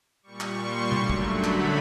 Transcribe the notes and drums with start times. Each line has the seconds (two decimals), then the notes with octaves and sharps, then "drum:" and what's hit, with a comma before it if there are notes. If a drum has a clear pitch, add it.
0.23 A#2 G3 C#6
0.40 drum: clap
0.58 C6
0.92 F#2 D3 F#3 A3, drum: tom B2
1.10 drum: kick
1.27 B5
1.44 drum: clap